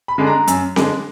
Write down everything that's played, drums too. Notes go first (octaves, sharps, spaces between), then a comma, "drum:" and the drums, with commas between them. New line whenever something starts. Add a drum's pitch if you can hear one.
B5
D3 G#3 D4
A#5
F#2, drum: hi-hat
D3 G#3 D4, drum: snare C4